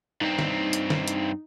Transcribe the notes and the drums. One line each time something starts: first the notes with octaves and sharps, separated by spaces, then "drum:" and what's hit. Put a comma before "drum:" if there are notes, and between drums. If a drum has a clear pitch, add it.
G2 C4 D#4
drum: snare
drum: hi-hat
drum: snare
drum: hi-hat